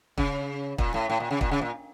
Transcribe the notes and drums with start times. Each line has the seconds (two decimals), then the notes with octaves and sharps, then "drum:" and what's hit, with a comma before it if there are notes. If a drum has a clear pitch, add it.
0.18 C#3, drum: kick
0.78 A#2, drum: kick
0.94 A2
1.10 A2
1.20 A#2
1.31 C#3
1.41 A#2, drum: kick
1.51 C#3
1.61 A#2